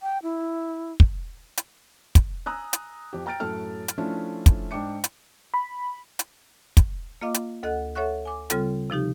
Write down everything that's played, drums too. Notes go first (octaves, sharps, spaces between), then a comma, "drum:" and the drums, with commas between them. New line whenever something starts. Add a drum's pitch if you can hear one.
G5
E4
drum: kick
drum: hi-hat
drum: kick, hi-hat
G#5 A#5 D#6 E6 F#6
drum: hi-hat
F2 G4
G5 A#5 F6 A6 D7
F#2 A2 F#3 A4 A5 F6
drum: hi-hat
F3 A3 C#4 D4 E4 F4
drum: kick, hi-hat
G#2 D4 G5 D6 C#7
drum: hi-hat
B5
drum: hi-hat
drum: kick, hi-hat
A#3 F4 D#5 F5 D6
drum: hi-hat
D2 A4 D#5 F#5 F#6
A4 C#5 E5 F#5 C#6 F#6
G#5 D6
C#3 G3 C4 F4 A4, drum: hi-hat
C3 F3 D#4 G4